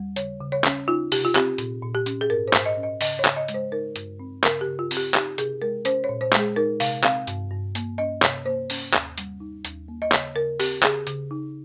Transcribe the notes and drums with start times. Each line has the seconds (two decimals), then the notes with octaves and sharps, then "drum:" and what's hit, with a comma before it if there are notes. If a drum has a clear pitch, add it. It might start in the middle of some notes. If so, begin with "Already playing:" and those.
Already playing: D#2 G3
0.16 C#3 C#5, drum: hi-hat
0.40 C#3
0.52 C#5
0.64 C#4, drum: clap
0.88 D#4 F4
1.12 C3 G4, drum: open hi-hat
1.25 F4
1.35 C4 G4, drum: clap
1.58 A#2, drum: hi-hat
1.82 A#2
1.95 G4
2.06 C#4, drum: hi-hat
2.21 G#4
2.30 G#2 A#4
2.48 C5
2.53 G#2, drum: clap
2.66 D#5
2.77 C#4
2.83 D#5
3.01 C#3 D#5, drum: open hi-hat
3.19 C#5
3.25 C#3, drum: clap
3.37 D#5
3.48 G#3, drum: hi-hat
3.54 C5
3.72 D#4 A#4
3.96 G2, drum: hi-hat
4.20 C4
4.44 C#3 A#4, drum: clap
4.61 G4
4.67 C#3
4.79 F4
4.91 C4, drum: open hi-hat
4.97 G4
5.14 D#4 G4, drum: clap
5.38 C3 G#4, drum: hi-hat
5.62 G#3 A#4
5.85 C#4 C5, drum: hi-hat
6.04 C#5
6.09 A#2
6.21 C5
6.33 G#3, drum: clap
6.39 G#4
6.56 D#4 A#4
6.80 C3 F5, drum: open hi-hat
7.04 C4 F5, drum: clap
7.27 G2, drum: hi-hat
7.51 G2
7.75 A#3, drum: hi-hat
7.98 C#4 D#5
8.22 C3 C#5, drum: clap
8.46 A#3 C5
8.70 C#4, drum: open hi-hat
8.94 D#2, drum: clap
9.18 G3, drum: hi-hat
9.40 D#4
9.65 D#2, drum: hi-hat
9.88 A#3
10.02 D#5
10.12 C#3 C#5, drum: clap
10.35 C#3 A#4
10.60 C4 G4, drum: open hi-hat
10.83 C#3 G#4, drum: clap
11.07 C#3, drum: hi-hat
11.31 D#4